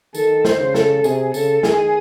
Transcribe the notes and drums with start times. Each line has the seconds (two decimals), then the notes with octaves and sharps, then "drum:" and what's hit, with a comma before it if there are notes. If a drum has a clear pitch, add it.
0.15 D#3 A4, drum: tambourine
0.45 C5, drum: snare
0.60 C#3
0.75 A4, drum: snare
1.04 C3 G#4, drum: tambourine
1.34 C#3 A4, drum: tambourine
1.63 D#3 G#4, drum: snare